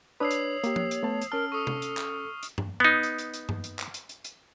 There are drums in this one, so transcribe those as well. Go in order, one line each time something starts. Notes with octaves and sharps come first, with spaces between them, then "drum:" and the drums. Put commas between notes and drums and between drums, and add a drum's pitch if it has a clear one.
D4 B4 C#5 D#6 E6 C7
drum: hi-hat
A#3 G4, drum: hi-hat
drum: tom
drum: hi-hat
A3 B3 A5
drum: hi-hat
C#4 A#4 A5 F6
A4 C#6 D#6
drum: tom C3
drum: hi-hat
drum: clap
drum: hi-hat
drum: tom
B3 D#4
drum: hi-hat
drum: hi-hat
drum: hi-hat
drum: tom
drum: hi-hat
drum: clap
drum: hi-hat
drum: hi-hat
drum: hi-hat